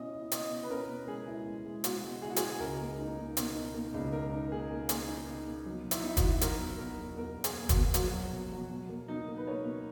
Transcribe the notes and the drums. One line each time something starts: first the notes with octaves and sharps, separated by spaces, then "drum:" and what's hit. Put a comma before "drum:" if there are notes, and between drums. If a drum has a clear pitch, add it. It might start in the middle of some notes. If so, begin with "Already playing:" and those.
Already playing: B2 C#4 E4 D#5
E4
B2 D#5, drum: hi-hat
B2
B4
C#4 A#4
B2
G#3 G#4
E4
G#3
G#3
B2 F#4, drum: hi-hat
G#3
E4 G#4
F#4
G#3 G#4, drum: hi-hat
C#2 A#4
A#3
D#4
A#3
B2, drum: hi-hat
D#4
A#3
C#2
D#4 A#4
D#4
A#3 G#4
A#3
A#3 G#4, drum: hi-hat
D#4
B2
B2
F#3
B2
E4, drum: hi-hat
D#4
B2 E4
F#4, drum: kick, hi-hat
F#3
F#3 A#4, drum: hi-hat
B2
B2 A#4
E2
E2 A#4
E2
G#4, drum: hi-hat
A#3
F#4, drum: kick, hi-hat
B2
F#3 F#4, drum: hi-hat
F#3
B2
F#3
B2
A#3
B2 D#4
A#3
B4
A#3 C#5
B2